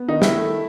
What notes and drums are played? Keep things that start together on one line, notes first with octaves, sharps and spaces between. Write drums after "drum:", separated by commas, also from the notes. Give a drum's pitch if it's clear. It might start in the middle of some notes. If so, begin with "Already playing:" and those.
Already playing: B3
D#3 D#4
E4, drum: snare
A3